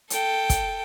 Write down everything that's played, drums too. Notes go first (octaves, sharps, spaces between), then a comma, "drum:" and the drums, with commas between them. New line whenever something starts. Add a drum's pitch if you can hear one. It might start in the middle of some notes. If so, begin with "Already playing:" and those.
A4 G5, drum: hi-hat
drum: kick, hi-hat